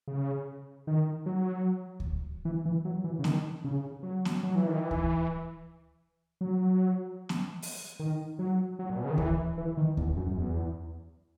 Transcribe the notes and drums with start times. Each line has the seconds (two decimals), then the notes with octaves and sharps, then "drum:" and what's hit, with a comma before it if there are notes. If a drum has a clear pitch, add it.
0.08 C#3
0.87 D#3
1.26 F#3
2.00 drum: kick D2
2.45 E3
2.65 E3
2.85 F#3
3.04 E3
3.19 C#3
3.24 D#3, drum: snare B3
3.64 C#3
4.03 F#3
4.25 drum: snare B3
4.43 F#3
4.55 E3
4.67 D#3
4.79 E3
4.91 drum: kick D2
6.41 F#3
7.29 drum: snare B3
7.62 drum: open hi-hat
8.00 D#3
8.39 F#3
8.79 F#3
8.90 A#2
8.97 B2
9.05 C#3
9.11 D#3
9.18 E3, drum: kick D2
9.58 E3
9.77 D#3
9.97 E2, drum: kick D2
10.17 F#2
10.32 F#2
10.37 E2